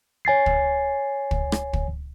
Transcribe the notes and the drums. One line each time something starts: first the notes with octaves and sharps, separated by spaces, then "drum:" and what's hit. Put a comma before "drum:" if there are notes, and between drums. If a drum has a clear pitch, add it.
C#5 G#5 A6 C7
drum: kick
drum: kick
drum: rim click
drum: kick